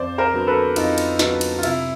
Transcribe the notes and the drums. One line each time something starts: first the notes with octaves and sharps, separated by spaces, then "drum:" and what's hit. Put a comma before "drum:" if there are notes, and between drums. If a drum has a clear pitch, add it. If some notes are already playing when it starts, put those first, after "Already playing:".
Already playing: F2 C5 D5
A#4 C5
D3 F#3 B3
A4 B4
F2 D#4 F4, drum: cymbal
drum: cymbal
D3 F#3 B3, drum: snare
drum: cymbal
F4
C3 E4, drum: cymbal